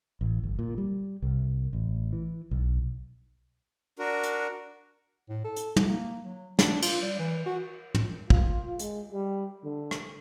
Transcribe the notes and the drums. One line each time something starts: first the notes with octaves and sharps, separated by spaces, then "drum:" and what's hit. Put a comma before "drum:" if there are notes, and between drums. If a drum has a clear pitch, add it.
A1
G1
A#2
G3
C2
A1
E3
B1
D4 F#4 A#4
drum: hi-hat
A2
A4
drum: hi-hat
drum: tom
A#3
F#3
D4, drum: snare
F4, drum: cymbal
G3
E3
F#4
drum: tom
F4, drum: kick
G#3, drum: hi-hat
G3
D3
drum: rim click